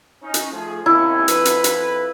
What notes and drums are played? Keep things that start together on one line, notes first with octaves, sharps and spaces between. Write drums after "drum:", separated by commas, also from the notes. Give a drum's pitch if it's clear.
C#4 D#4
drum: hi-hat
F3 A3 G#4
D#2 C3 C#4 E4
F2 B4, drum: hi-hat
drum: hi-hat
drum: hi-hat